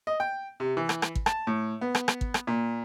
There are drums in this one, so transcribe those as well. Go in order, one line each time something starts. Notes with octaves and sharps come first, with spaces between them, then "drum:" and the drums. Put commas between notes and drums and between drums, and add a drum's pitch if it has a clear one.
D#5
G5
C3
E3
drum: rim click
drum: rim click
drum: kick
A5, drum: rim click
A2
B3
drum: rim click
drum: rim click
drum: kick
drum: rim click
A#2